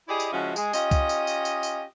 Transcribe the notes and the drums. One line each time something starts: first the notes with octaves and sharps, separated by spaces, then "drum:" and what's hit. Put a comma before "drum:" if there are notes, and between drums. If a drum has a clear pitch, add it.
E4 G4 G#4 D5 D#5
drum: tambourine
C#3 F3 G#3 C#4 E4 F#4
G#3 G#4, drum: tambourine
C#4 F4 G4 D#5, drum: tambourine
drum: kick C2, tambourine
drum: tambourine
drum: tambourine
drum: tambourine
drum: tambourine